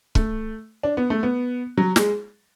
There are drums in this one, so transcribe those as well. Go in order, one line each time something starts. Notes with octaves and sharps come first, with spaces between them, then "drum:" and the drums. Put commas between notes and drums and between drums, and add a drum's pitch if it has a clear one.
A3, drum: kick
D4
B3
A3
B3
F#3
G#3, drum: snare